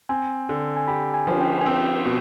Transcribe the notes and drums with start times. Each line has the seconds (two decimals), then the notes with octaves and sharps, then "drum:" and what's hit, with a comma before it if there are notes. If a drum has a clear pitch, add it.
0.09 C4 G#5
0.49 D3
0.76 G#5
0.88 G4 B5
1.14 G#5
1.27 F3, drum: cymbal
1.41 G5
1.61 G#5
1.66 C4 G5
2.05 B2